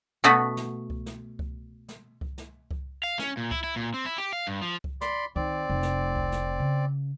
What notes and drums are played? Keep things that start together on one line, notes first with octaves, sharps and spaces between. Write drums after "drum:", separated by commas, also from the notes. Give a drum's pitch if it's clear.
B2 A3 B3 F#4 B4
drum: snare
drum: kick C2
drum: snare
drum: kick C2
drum: snare
drum: kick C2
drum: snare
drum: kick C2
F5
C#4, drum: snare
A#2
E4, drum: kick C2
E4
A#2
C4
E4
G4
F5
G2
F3
drum: kick C2
D5 B5 C6, drum: snare
D#3 C4 D5, drum: kick C2
F1
drum: snare
drum: kick C2
drum: snare
C#3